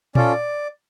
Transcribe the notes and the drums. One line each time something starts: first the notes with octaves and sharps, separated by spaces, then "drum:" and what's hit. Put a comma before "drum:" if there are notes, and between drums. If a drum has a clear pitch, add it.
C#4 F4 A4 D5, drum: tom A#2